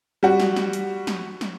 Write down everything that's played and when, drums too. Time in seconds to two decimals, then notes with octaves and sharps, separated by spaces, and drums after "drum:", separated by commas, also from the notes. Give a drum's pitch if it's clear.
0.23 G3 F#4
0.40 drum: snare
0.56 drum: snare
0.73 drum: hi-hat
1.07 drum: snare
1.41 drum: snare